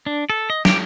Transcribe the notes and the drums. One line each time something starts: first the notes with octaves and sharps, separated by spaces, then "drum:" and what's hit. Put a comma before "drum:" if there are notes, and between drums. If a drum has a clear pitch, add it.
D4
A4
D#5
G4, drum: snare